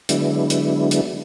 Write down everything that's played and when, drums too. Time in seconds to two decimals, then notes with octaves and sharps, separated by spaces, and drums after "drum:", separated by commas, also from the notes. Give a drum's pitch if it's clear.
0.09 D3 F#3 G#3 B3 D4 E4, drum: hi-hat
0.50 drum: hi-hat
0.91 drum: hi-hat